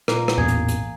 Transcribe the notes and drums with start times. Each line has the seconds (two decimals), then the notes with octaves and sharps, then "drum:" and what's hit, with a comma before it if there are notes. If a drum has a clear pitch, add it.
0.08 A#2 A#3, drum: rim click
0.28 drum: rim click
0.38 A1 E2 G2 A#2 G#4
0.48 drum: hi-hat
0.68 drum: hi-hat